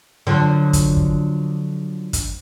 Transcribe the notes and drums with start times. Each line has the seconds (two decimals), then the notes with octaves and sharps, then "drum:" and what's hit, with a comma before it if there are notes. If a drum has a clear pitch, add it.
0.27 D3 F3 F#3
0.73 drum: kick, hi-hat
0.97 drum: kick
2.13 drum: kick, hi-hat